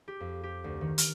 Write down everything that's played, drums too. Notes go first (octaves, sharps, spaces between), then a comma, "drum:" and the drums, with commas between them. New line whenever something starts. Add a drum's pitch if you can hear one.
G4
F2
G4
D2
D#3
F6, drum: hi-hat